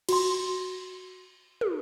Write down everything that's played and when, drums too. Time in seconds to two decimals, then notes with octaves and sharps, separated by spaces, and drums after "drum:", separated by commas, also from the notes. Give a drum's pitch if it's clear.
0.09 F#4 C6, drum: cymbal
1.61 drum: tom